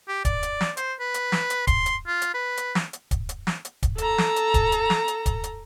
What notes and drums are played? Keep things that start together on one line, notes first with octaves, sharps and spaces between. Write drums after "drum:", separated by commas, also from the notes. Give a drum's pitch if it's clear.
G4
D5, drum: kick, hi-hat
drum: hi-hat
drum: snare
C5, drum: hi-hat
B4
drum: hi-hat
drum: snare
drum: hi-hat
C6, drum: kick, hi-hat
drum: hi-hat
F4
drum: hi-hat
B4
drum: hi-hat
drum: snare
drum: hi-hat
drum: kick, hi-hat
drum: hi-hat
drum: snare
drum: hi-hat
drum: kick, hi-hat
A4 A#5, drum: hi-hat
drum: snare
drum: hi-hat
drum: kick, hi-hat
drum: hi-hat
drum: snare
drum: hi-hat
drum: kick, hi-hat
drum: hi-hat